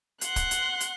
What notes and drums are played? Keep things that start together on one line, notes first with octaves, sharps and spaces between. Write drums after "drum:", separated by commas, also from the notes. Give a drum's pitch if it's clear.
F#5 C6 F#6, drum: hi-hat
drum: kick, hi-hat
drum: hi-hat
drum: hi-hat